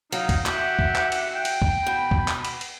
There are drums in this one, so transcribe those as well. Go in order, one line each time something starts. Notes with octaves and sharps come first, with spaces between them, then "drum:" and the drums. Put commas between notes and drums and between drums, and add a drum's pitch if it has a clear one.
F#3 D#4 F5, drum: cymbal
drum: kick, cymbal
F#4 G4 E5 F#5, drum: clap
drum: kick
drum: clap
drum: cymbal
G5
drum: cymbal
drum: kick
B2 B5
drum: kick
drum: clap
drum: cymbal
drum: cymbal